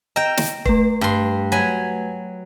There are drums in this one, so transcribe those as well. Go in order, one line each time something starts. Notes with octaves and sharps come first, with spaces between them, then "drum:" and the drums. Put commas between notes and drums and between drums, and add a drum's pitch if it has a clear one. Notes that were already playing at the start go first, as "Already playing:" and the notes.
D#5 G5 A#5
drum: snare
A3 B4, drum: kick E1
G2 C6
F#3 G#5 B5